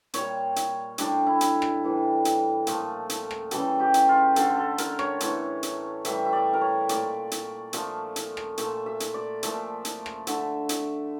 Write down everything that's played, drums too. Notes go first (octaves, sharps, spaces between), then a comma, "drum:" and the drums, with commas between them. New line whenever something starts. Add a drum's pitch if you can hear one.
A#2 G3 C#5, drum: hi-hat
drum: hi-hat
A2 G3 D4, drum: hi-hat
E4
drum: hi-hat
drum: rim click
A2 E3 G3
drum: hi-hat
A#2 F3 A3, drum: hi-hat
drum: hi-hat
drum: rim click
C#3 E3 G3 A4, drum: hi-hat
G4
drum: hi-hat
F4
D3 A3 A4, drum: hi-hat
A4
A#4, drum: hi-hat
C#5, drum: rim click
A2 E3 A3, drum: hi-hat
drum: hi-hat
A2 E3 G3 E5, drum: hi-hat
E5
D5
A#4
C#5
A#2 A3 D5, drum: hi-hat
drum: hi-hat
A#2 F3 A3 E5, drum: hi-hat
drum: hi-hat
drum: rim click
A#2 A3 E5, drum: hi-hat
E5
drum: hi-hat
D5
A#2 F3 A3 E5, drum: hi-hat
drum: hi-hat
drum: rim click
D3 A3 E5, drum: hi-hat
drum: hi-hat